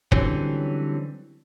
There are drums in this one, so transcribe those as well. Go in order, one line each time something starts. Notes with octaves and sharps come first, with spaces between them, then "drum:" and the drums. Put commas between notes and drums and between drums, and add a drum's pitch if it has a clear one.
D3 E3 F#3 G3 C4 C#4, drum: kick